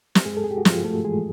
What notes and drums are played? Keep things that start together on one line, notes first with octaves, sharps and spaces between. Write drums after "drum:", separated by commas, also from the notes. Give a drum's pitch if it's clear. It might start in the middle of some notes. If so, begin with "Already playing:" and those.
G4, drum: snare
G2 G#3 G#4
A4
G#4
G4
F#4
G2 F3 F4, drum: snare
A3 A4
E3 G#3 G#4